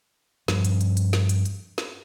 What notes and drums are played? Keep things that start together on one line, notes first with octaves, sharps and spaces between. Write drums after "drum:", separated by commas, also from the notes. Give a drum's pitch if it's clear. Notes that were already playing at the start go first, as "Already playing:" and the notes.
G2 F3, drum: snare
drum: hi-hat
drum: hi-hat
drum: hi-hat
drum: snare
drum: hi-hat
drum: hi-hat
drum: snare